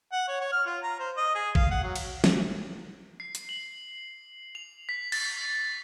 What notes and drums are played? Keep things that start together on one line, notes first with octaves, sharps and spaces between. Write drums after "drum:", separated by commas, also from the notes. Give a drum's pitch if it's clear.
F#5
C#5
C#5
F6
F4
A#5
C5
D#5
G#4
F5, drum: kick
F#5
F#3
drum: cymbal
drum: snare
C7
drum: hi-hat
F#7
F7
B6
A6, drum: cymbal